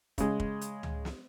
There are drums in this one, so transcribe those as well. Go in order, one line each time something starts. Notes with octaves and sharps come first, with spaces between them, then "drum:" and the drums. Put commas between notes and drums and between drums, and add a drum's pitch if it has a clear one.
C#3 G#3, drum: kick, hi-hat
drum: kick
drum: hi-hat
drum: tom C#2
drum: snare